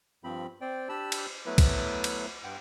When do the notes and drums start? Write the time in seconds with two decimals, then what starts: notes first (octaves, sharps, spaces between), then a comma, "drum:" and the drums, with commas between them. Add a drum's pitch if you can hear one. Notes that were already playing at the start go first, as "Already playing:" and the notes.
0.24 G2 F3 C4 B5
0.61 C4 C5 D5 G5
0.89 D4 G4 A5 B5 E6
1.12 drum: cymbal
1.46 F#3 A3 B3 E4 B4
1.58 drum: kick B1, cymbal
2.04 drum: cymbal
2.44 G2 F#5 G5